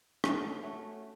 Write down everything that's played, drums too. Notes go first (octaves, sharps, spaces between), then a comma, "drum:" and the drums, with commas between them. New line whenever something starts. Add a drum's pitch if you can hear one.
A3 C#4 F#4, drum: rim click
A3 C#4 F#4